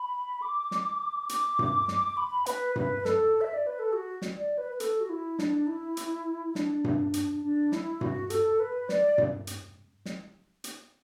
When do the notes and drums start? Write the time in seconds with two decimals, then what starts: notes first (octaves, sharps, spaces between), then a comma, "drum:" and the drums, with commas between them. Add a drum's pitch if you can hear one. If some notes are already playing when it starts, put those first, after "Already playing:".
Already playing: B5
0.42 D6
0.71 drum: snare
1.29 D6, drum: hi-hat
1.59 drum: tom G2
1.88 drum: snare
2.17 B5
2.46 B4, drum: hi-hat
2.76 B4, drum: tom G2
3.05 A4, drum: snare
3.41 E5
3.54 D5
3.67 B4
3.79 A4
3.93 F#4
4.22 drum: snare
4.37 D5
4.58 B4
4.72 B4
4.80 A4, drum: hi-hat
5.01 F#4
5.09 E4
5.39 D4, drum: snare
5.67 E4
5.97 drum: hi-hat
6.55 D4, drum: snare
6.84 drum: tom G2
7.14 drum: hi-hat
7.43 D4
7.72 E4, drum: snare
8.01 F#4, drum: tom G2
8.30 A4, drum: hi-hat
8.60 B4
8.89 D5, drum: snare
9.18 drum: tom G2
9.47 drum: hi-hat
10.05 drum: snare
10.64 drum: hi-hat